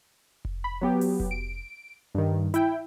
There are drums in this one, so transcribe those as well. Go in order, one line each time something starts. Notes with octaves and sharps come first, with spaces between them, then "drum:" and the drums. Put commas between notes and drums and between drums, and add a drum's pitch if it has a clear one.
drum: kick F1
B5
F#3 B3 G4
drum: open hi-hat
drum: kick F1
D7
G2 D#3
E4 G5, drum: hi-hat